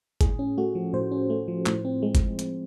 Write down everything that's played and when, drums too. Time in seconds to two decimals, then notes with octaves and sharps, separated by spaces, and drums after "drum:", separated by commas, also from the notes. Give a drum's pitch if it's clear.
0.21 A2 G#4, drum: kick G1, hi-hat
0.39 C#4
0.58 A3 F#4
0.75 F3
0.93 A2 C5
1.11 C#4
1.30 A3
1.48 F3
1.66 A2, drum: clap
1.85 C4
2.02 G#3
2.15 drum: kick G1, hi-hat
2.39 drum: hi-hat